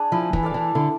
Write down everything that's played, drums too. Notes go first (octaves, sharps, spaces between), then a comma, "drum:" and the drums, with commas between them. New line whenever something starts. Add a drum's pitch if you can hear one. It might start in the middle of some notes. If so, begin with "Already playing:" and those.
Already playing: D4 G#4
F3 E4
E3, drum: kick
A4 D5 F5
E3
D3 E4